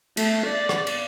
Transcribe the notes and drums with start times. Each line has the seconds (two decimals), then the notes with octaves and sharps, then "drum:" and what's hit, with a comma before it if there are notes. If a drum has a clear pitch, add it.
0.17 A3, drum: cymbal
0.46 D5
0.69 drum: rim click
0.87 drum: cymbal